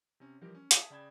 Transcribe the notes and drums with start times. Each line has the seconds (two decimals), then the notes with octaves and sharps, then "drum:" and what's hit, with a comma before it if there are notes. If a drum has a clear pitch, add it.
0.20 C3 C#4
0.41 E3 F3 G3 G4 A#4
0.55 C#4
0.71 E5 A5 D#6 G#6 B6, drum: hi-hat
0.90 C#3 D5 G5 B5 G#6 E7